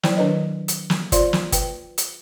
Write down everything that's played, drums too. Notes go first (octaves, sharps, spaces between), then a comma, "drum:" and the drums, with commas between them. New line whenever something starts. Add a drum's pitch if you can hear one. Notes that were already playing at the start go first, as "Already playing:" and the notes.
F#3 E4 C5 D5 G5, drum: snare
D#3 D4 B4 C#5 D#5
drum: hi-hat
drum: snare
F4 C5 D5 F5 C6, drum: kick, hi-hat
drum: snare
B4 G5, drum: kick, hi-hat
drum: hi-hat